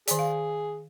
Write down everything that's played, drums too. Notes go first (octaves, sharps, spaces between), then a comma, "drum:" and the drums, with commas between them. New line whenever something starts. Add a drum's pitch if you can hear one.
D#3 G#4 D5, drum: hi-hat
F5